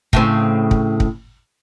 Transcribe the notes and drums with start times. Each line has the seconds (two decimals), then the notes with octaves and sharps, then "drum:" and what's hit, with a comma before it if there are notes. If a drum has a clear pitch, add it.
0.13 A2 C#3 C4, drum: kick
0.71 drum: kick
1.00 drum: kick